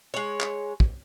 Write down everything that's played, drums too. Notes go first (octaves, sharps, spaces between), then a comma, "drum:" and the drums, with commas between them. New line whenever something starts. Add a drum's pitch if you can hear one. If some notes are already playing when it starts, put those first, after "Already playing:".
G#3 C#5
drum: clap
drum: kick